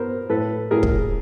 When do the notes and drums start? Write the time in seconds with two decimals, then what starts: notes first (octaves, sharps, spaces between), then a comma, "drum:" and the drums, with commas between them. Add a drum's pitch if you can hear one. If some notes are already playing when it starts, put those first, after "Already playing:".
Already playing: B3 A#4 C5
0.29 A2 A4 B4
0.71 A2 G#4 A#4
0.83 drum: kick